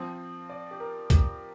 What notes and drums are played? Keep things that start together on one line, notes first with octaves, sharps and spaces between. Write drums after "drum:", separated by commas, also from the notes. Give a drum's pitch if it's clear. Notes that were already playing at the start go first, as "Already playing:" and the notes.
Already playing: F3 C4
D5
G4
A#4
G4, drum: kick, hi-hat